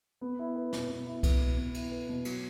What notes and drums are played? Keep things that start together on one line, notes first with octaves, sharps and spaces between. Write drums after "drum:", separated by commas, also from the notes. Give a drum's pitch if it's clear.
B3
E4
B4
B2, drum: snare
B3
E4
B4, drum: kick C2, cymbal
B2
B3
E4, drum: cymbal
B4
B2
F#3, drum: cymbal